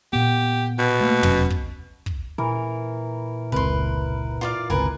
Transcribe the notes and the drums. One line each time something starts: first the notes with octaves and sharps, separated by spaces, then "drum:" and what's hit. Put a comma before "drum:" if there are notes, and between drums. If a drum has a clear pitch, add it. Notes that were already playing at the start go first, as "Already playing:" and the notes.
A#2 B3 G4
B2
A3 A#3
F1 F#3 C#4, drum: tom
drum: kick
drum: kick
A#2 E3 A#4
F1 C#2 C3 A#4 B4 C6
F4 D5 F5
G1 C#2 C3 A#4 B4 G#5